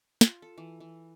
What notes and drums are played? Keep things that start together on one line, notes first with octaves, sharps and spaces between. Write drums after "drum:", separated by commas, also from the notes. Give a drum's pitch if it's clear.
F4, drum: snare
A4
E3
E3